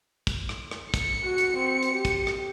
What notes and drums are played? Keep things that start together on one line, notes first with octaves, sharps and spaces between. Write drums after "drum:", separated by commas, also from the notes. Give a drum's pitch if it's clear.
drum: kick, hi-hat
drum: rim click
drum: rim click
C#7, drum: kick, hi-hat
F#4
drum: hi-hat
C4
drum: hi-hat
G4
drum: kick, hi-hat
drum: rim click